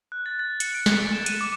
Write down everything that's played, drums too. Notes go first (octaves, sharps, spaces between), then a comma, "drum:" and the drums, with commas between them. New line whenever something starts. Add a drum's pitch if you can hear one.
F#6
A6
A6
C#7, drum: hi-hat
D7
B6, drum: snare
F#6
E7
D#7, drum: hi-hat
D6